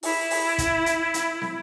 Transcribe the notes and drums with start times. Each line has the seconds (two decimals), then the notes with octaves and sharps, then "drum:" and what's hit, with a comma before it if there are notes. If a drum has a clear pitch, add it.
0.03 E4, drum: open hi-hat
0.31 drum: open hi-hat
0.58 drum: kick, hi-hat
0.86 drum: hi-hat
1.14 drum: hi-hat
1.42 drum: snare